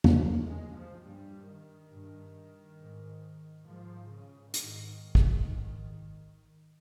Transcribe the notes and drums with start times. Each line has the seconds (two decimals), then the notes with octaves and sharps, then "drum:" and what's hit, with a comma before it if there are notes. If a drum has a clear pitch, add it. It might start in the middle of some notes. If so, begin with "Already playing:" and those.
0.04 drum: tom E2
0.15 G2 A#3
0.46 G#3
0.75 F3
1.03 G2 G3
1.48 D#3
1.91 G2
2.79 G#2
3.66 G#2 F3
4.10 C#3
4.54 G#2 D#3, drum: hi-hat
5.15 drum: kick
5.42 G#2